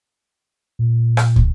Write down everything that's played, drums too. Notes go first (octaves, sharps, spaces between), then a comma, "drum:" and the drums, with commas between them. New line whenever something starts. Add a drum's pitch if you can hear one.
A#2
drum: rim click
drum: kick